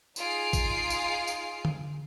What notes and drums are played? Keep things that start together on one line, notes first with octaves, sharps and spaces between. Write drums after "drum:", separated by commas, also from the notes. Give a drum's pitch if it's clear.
D#4 F4 G#4 C7 D7, drum: tambourine
drum: kick A1, tambourine
drum: tambourine
drum: tambourine
drum: tom D3